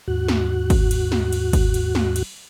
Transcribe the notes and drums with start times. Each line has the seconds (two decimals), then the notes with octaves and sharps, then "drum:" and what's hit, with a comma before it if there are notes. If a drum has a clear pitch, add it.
0.08 D#2 G#2 F#4 F#6
0.28 drum: snare
0.70 drum: kick G1, cymbal
0.91 drum: cymbal
1.12 drum: snare
1.33 drum: cymbal
1.53 drum: kick G1, cymbal
1.74 drum: cymbal
1.95 drum: snare
2.16 drum: cymbal